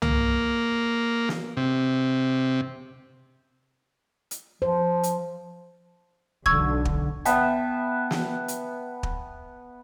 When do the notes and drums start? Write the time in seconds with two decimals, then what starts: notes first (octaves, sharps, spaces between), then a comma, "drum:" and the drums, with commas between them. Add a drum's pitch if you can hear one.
0.02 A#3, drum: tom
1.29 drum: snare
1.57 C3
4.31 drum: hi-hat
4.62 F3 C5
5.03 drum: hi-hat
6.46 B1 D3 C#6 E6 G#6, drum: kick
6.85 drum: kick
7.25 B3 E5 G5 A5 E6 B6, drum: hi-hat
8.11 drum: snare
8.48 drum: hi-hat
9.03 drum: kick